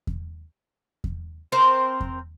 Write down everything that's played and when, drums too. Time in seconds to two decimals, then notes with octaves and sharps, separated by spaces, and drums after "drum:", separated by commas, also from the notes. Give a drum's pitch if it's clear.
0.07 drum: kick E2
1.04 drum: kick E2
1.52 C4 A#4 C5
2.00 drum: kick E2